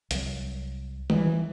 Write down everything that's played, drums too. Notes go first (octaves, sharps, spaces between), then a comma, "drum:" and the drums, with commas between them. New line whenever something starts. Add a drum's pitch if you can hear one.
C2 F#3, drum: hi-hat
D#3 E3, drum: tom G3